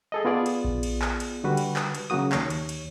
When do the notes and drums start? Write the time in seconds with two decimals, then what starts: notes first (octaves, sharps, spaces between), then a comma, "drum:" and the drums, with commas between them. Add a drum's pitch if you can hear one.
0.12 G#4 A4 D#5
0.25 B3 F4 G#4 D5
0.46 drum: cymbal
0.64 drum: kick A#1
0.83 drum: cymbal
1.02 drum: clap
1.20 drum: cymbal
1.44 D3 G3 F#4 B4
1.57 drum: cymbal
1.76 drum: clap
1.95 drum: cymbal
2.10 C#3 F#3 A#3 F#4 D#6
2.32 D#2 C#5, drum: clap
2.50 drum: cymbal
2.69 drum: cymbal